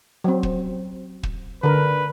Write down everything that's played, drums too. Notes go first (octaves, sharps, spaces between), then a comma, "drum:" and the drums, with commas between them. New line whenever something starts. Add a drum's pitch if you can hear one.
F#3 C4
drum: kick
drum: kick
D3 A#4 B4